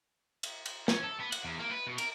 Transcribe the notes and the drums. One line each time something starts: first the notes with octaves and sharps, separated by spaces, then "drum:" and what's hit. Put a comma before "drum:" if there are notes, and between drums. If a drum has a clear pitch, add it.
drum: cymbal
drum: cymbal
C#4, drum: snare
A4
B3
F#5, drum: cymbal
E2
A#3
B4
B2
A#4, drum: cymbal